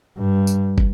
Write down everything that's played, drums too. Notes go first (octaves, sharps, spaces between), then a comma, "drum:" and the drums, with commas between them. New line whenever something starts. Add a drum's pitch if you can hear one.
G2
drum: tambourine
drum: kick